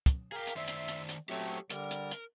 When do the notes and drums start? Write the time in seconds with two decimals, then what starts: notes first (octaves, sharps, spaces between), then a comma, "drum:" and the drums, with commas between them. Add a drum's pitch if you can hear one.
0.06 drum: kick, hi-hat
0.32 G#4 A#4 F5 G5
0.47 drum: hi-hat
0.56 D#3 C5 D5 E5 C6
0.68 drum: hi-hat
0.88 drum: hi-hat
1.09 drum: hi-hat
1.29 F#3 A3 C4 G4 A4 C#5
1.70 D3 G3 A#4, drum: hi-hat
1.91 drum: hi-hat
2.11 drum: hi-hat